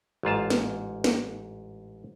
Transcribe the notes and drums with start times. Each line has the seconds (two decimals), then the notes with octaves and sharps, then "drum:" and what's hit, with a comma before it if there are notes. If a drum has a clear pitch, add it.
0.23 A1 G#2 F4 A5
0.50 drum: snare
1.04 drum: snare